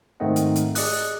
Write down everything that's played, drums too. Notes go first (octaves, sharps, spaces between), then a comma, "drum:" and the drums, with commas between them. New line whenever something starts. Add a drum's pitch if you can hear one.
G#2 D#3 A3 C4 D#5 F#5
drum: hi-hat
drum: hi-hat
G#4 D5 D#5 D#6 F#6, drum: open hi-hat